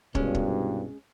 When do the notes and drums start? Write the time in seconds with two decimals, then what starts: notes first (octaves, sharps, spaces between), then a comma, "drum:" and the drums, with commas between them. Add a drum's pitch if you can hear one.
0.15 C2 G2 B2 G#3 C#4, drum: kick
0.35 drum: kick